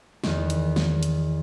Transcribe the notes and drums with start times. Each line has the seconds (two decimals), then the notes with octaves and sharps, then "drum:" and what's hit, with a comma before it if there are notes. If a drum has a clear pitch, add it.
0.24 E2 D#3, drum: snare
0.50 drum: hi-hat
0.76 drum: snare
1.03 drum: hi-hat